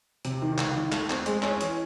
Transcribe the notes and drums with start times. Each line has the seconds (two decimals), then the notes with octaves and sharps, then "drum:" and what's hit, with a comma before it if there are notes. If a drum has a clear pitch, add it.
0.25 C3, drum: hi-hat
0.42 D#3
0.58 C#2, drum: clap
0.76 D#3
0.92 A3, drum: clap
1.10 C4, drum: clap
1.26 G#3, drum: hi-hat
1.43 C#4, drum: clap
1.61 E3, drum: hi-hat